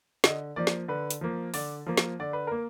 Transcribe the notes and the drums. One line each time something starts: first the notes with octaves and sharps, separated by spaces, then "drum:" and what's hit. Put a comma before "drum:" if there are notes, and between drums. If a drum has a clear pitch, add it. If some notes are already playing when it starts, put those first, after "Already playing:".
D3 D#5, drum: snare
F3 A#3 D5
drum: snare
D3 B4
drum: hi-hat
F3 A#3
D3 D5, drum: open hi-hat
F3 A#3
drum: snare
D3 D5
B4
A#3 A#4